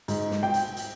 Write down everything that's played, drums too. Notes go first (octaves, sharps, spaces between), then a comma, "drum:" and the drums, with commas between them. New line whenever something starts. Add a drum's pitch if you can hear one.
G#2, drum: hi-hat
drum: snare
G5
drum: hi-hat
drum: hi-hat